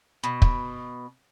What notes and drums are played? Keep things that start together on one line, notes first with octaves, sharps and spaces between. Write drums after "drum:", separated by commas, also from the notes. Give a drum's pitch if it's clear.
B2
drum: kick